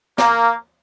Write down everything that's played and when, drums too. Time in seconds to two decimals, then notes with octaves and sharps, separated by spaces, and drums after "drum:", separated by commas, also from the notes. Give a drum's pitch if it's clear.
0.18 A#3, drum: snare